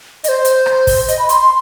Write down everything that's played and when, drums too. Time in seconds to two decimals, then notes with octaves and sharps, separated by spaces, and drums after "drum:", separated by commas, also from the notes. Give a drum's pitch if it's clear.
0.24 D#5, drum: hi-hat
0.29 C5
0.45 drum: hi-hat
0.66 drum: rim click
0.87 drum: kick, open hi-hat
1.08 D#5, drum: hi-hat
1.19 B5
1.29 C6, drum: hi-hat
1.41 C6